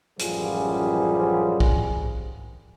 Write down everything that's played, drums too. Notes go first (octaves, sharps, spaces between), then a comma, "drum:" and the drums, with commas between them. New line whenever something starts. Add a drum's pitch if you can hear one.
A1 F#2 F3 G3 F4 G#4, drum: hi-hat
drum: kick B1